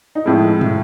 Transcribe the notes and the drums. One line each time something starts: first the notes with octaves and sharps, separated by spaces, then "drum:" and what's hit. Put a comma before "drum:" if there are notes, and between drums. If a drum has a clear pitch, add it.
D#4
A2 F3 G#3 E4
drum: tom